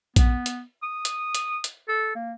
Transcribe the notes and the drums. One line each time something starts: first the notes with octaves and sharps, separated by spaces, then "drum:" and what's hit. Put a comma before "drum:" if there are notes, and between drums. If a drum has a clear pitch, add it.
B3, drum: kick A#1, hi-hat
drum: hi-hat
D#6
drum: hi-hat
drum: hi-hat
drum: hi-hat
A4
A#3